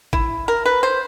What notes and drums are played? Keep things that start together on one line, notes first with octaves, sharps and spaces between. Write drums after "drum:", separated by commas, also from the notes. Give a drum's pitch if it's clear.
E4, drum: kick G#1
A#4
B4
C5